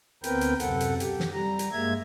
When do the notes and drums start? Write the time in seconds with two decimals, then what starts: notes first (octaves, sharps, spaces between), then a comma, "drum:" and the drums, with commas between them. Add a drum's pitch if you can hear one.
0.24 D2 B3 C4 A#4 B4 G5, drum: hi-hat
0.41 drum: hi-hat
0.60 F#2 C3 A4 F#5, drum: hi-hat
0.80 drum: hi-hat
1.00 G4, drum: hi-hat
1.20 drum: snare
1.33 G3 A#5
1.59 drum: hi-hat
1.72 G2 G#3 A#3 E5 G#6